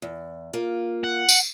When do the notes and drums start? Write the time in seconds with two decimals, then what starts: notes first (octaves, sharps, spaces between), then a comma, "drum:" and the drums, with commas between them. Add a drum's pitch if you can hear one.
0.02 E2
0.53 A#3 F4
1.04 F#5
1.29 drum: tambourine